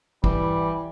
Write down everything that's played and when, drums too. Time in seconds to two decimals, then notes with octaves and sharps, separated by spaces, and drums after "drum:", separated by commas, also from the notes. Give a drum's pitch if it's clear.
0.24 E3 G3, drum: kick